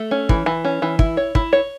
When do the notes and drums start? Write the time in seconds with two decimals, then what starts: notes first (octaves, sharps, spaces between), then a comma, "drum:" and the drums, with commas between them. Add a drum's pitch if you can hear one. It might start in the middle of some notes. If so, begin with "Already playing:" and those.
Already playing: A3
0.11 C#4
0.29 E3, drum: kick
0.46 E3
0.65 C#4
0.82 E3
0.99 E4, drum: kick
1.17 C#5
1.35 E4, drum: kick
1.53 C#5